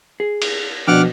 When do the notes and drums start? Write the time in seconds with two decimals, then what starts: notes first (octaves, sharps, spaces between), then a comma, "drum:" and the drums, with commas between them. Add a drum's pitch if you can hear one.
0.20 G#4
0.42 drum: cymbal
0.88 B2 F3 D4 F#5 G5 D6 F6